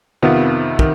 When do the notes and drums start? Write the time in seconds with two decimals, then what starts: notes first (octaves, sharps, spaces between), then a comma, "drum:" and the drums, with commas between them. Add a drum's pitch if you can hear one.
0.22 F2 C3 D#3 B3 F4
0.79 D#3, drum: kick